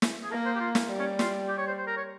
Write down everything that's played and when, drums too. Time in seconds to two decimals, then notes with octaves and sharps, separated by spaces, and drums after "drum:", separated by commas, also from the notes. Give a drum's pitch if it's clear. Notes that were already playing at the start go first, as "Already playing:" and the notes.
0.02 drum: snare
0.23 G#4
0.31 A#3 A#4
0.45 C5
0.55 G4
0.60 F4
0.75 drum: snare
0.89 G3
0.99 C#4
1.19 F4, drum: snare
1.48 G4
1.58 C#5
1.67 C5
1.77 C5
1.87 A#4
1.97 C#5